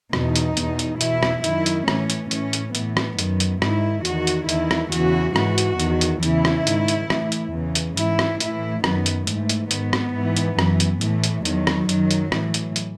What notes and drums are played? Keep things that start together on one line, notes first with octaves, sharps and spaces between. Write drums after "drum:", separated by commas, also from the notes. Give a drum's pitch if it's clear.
E2 B2 D#4, drum: rim click
drum: hi-hat
E2 B2, drum: hi-hat
drum: hi-hat
E2 B2 E4, drum: hi-hat
drum: rim click
F#2 D#3 E4, drum: hi-hat
drum: hi-hat
A2 E3 C#4, drum: rim click
drum: hi-hat
A2 E3 C#4, drum: hi-hat
drum: hi-hat
A2 E3 B3, drum: hi-hat
drum: rim click
F#2 D#3, drum: hi-hat
drum: hi-hat
G#2 D#3 E4, drum: rim click
E2 D#3 F#4, drum: hi-hat
drum: hi-hat
E2 D#3 E4, drum: hi-hat
drum: rim click
E2 C#3 E3 F#4, drum: hi-hat
G#2 E3 F#4, drum: rim click
drum: hi-hat
E2 D#3, drum: hi-hat
drum: hi-hat
E2 C#3 E3 E4, drum: hi-hat
drum: rim click
G#2 D#3, drum: hi-hat
drum: hi-hat
A2 E3, drum: rim click
drum: hi-hat
E2 C#3 E3
drum: hi-hat
G#2 E3 E4, drum: hi-hat
drum: rim click
A2 E3 E4, drum: hi-hat
F#2 D#3 B3, drum: rim click
drum: hi-hat
G#2 E3 A3, drum: hi-hat
drum: hi-hat
G#2 D#3 B3, drum: hi-hat
drum: rim click
G#2 E3
drum: hi-hat
F#2 E3, drum: rim click
drum: hi-hat
A2 E3 A3, drum: hi-hat
drum: hi-hat
E2 D#3 F#3, drum: hi-hat
drum: rim click
F#2 D#3, drum: hi-hat
drum: hi-hat
A2 E3, drum: rim click
drum: hi-hat
drum: hi-hat